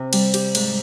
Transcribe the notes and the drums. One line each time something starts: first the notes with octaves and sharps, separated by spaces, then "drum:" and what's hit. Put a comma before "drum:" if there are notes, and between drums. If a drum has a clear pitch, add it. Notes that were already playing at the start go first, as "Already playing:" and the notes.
Already playing: C3
G3, drum: cymbal
G4, drum: cymbal
G#2, drum: cymbal